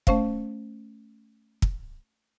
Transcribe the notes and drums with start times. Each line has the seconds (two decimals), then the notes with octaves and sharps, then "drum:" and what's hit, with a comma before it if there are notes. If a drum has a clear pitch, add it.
0.07 A3 C#4 C5 F5, drum: kick
1.62 drum: kick